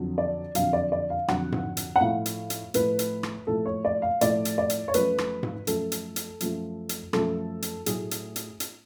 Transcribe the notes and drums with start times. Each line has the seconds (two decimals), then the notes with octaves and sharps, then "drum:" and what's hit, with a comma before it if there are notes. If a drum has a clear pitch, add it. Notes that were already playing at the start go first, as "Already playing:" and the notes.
Already playing: F2 D3 F#3
0.18 D5
0.55 F2 D3 F#3 F5, drum: hi-hat
0.73 D5
0.92 D5
1.10 F5
1.28 F2 D3 F#3 F#5, drum: rim click
1.52 drum: tom G#2
1.77 drum: hi-hat
1.96 F#5
2.01 A2 F3 A3 F5
2.26 drum: hi-hat
2.50 drum: hi-hat
2.74 A2 F3 A3 B4, drum: hi-hat
2.99 drum: hi-hat
3.23 drum: rim click
3.47 A2 F3 A3 A4
3.66 C#5
3.85 D5
4.02 F5
4.21 A2 F3 A3 D5, drum: hi-hat
4.45 drum: hi-hat
4.58 D5
4.70 drum: hi-hat
4.88 C#5
4.94 F#2 F3 A3 B4, drum: hi-hat
5.18 drum: rim click
5.43 drum: tom G#2
5.67 F#2 F3 A3 A4, drum: hi-hat
5.92 drum: hi-hat
6.16 drum: hi-hat
6.40 F#2 F3 A3, drum: hi-hat
6.89 drum: hi-hat
7.13 F#2 F3 A3 A4, drum: rim click
7.62 drum: hi-hat
7.86 A2 F#3 A3 G#4, drum: hi-hat
8.11 drum: hi-hat
8.36 drum: hi-hat
8.60 drum: hi-hat